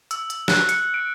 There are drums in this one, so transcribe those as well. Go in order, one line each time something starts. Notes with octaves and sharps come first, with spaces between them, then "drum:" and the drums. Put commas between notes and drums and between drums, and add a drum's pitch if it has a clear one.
E6, drum: hi-hat
drum: hi-hat
F#6, drum: snare
C#7, drum: hi-hat
D7